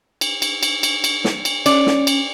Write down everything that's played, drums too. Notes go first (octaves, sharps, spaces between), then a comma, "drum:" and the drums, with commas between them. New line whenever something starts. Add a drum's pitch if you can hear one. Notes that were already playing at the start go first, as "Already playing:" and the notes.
drum: cymbal
drum: cymbal
drum: cymbal
drum: cymbal
drum: cymbal
drum: snare
drum: cymbal
C#4 D5, drum: cymbal
drum: snare
drum: cymbal